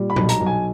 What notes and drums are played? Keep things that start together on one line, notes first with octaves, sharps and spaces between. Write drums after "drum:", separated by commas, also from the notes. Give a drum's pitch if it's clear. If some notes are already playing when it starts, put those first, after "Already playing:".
Already playing: A#2 G3
B5
B1, drum: tom A#2
A#5, drum: hi-hat
B1
G#5